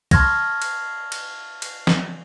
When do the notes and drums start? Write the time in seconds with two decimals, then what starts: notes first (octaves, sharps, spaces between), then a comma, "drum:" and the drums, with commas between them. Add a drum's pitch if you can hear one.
0.11 A5 C6 C#6 F6 G#6 A#6, drum: kick, cymbal
0.62 drum: cymbal
1.12 drum: cymbal
1.62 drum: cymbal
1.87 drum: snare